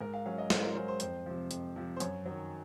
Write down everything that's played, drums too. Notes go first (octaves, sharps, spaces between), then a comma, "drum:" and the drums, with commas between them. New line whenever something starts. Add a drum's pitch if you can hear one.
G#2 A#4
F5
F#3 C#4 F5
D#5
G#2 C5, drum: snare
A#4
F#3 C#4 C5
C5
F2 C5, drum: hi-hat
C3 F3
F2, drum: hi-hat
C3 F3
C5
F#2 C#5, drum: hi-hat
D#3 F#3